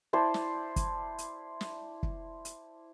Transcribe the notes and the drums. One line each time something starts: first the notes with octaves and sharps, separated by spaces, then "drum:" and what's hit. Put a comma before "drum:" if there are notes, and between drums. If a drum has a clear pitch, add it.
E4 C5 D5 A5
drum: snare
drum: kick, hi-hat
drum: hi-hat
drum: snare
drum: kick
drum: hi-hat